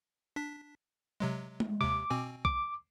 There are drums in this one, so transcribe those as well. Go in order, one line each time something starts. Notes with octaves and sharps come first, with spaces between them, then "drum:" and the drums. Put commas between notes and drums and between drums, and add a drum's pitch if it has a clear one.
D4 B6
C3 F#3 G#3
drum: tom G#3
D#2 C3 D6
B2 C4 G#5
D6, drum: kick B1